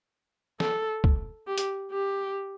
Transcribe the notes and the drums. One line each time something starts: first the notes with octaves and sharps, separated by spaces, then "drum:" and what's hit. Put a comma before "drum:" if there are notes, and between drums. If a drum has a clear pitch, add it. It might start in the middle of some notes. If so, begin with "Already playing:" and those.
A4, drum: snare
drum: kick
G4
drum: hi-hat
G4